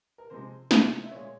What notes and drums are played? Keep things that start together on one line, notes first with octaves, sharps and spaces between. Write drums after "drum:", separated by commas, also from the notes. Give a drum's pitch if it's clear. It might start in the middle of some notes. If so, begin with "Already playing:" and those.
A#4
C3 F3 G#3 C5
C3 F3 G#3, drum: snare
E5
A#2 G#3 C#5